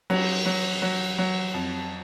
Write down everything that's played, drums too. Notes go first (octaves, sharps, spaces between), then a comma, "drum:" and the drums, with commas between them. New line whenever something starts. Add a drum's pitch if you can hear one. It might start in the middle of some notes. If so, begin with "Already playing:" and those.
F#3, drum: cymbal
F#3
F#3
F#3
F2